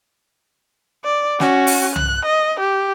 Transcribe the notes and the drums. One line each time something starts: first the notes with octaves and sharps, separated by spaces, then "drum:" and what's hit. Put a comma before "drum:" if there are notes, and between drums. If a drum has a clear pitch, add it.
D5
C#4 F#4, drum: snare
drum: open hi-hat
F#6, drum: tom C2
D#5
G4